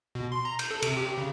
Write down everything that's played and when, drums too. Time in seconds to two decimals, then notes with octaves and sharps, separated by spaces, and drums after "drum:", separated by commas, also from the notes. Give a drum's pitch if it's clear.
0.15 B2
0.32 C6
0.45 A#5
0.59 G6, drum: cymbal
0.71 A4
0.82 C3, drum: cymbal
0.97 G4
1.18 C#3